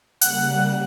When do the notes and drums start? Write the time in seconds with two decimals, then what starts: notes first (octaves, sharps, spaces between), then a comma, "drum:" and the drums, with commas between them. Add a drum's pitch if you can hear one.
0.21 C#3 G3 A#3 F#5, drum: hi-hat